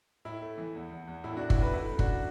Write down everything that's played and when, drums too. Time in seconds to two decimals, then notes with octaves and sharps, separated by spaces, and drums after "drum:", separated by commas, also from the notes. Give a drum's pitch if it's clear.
0.25 A2 E4
0.41 A3
0.58 E3
0.75 E2
0.91 E2
1.08 E2
1.24 A2 E4
1.37 A2 D4 F#4
1.50 E4, drum: kick
1.58 A2 F#4 B4
1.74 A3 E4
1.91 F#2
1.99 D4 F#4, drum: kick